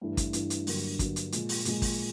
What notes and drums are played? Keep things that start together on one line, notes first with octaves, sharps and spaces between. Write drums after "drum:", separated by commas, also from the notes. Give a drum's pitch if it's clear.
G2 E3 A3
drum: kick, hi-hat
G2 E3 A3, drum: hi-hat
drum: hi-hat
G2 D3 F#3 A#3, drum: open hi-hat
G2 D3 F#3 A#3, drum: kick, hi-hat
drum: hi-hat
A#2 F3 G#3, drum: hi-hat
drum: open hi-hat
A#2 F3 G#3, drum: hi-hat
drum: kick, open hi-hat